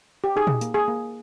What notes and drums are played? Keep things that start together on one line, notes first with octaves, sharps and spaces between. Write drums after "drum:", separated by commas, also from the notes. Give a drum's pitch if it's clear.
G4
D#4 G#4
drum: tom A#2
A#3, drum: hi-hat
G#4
A#3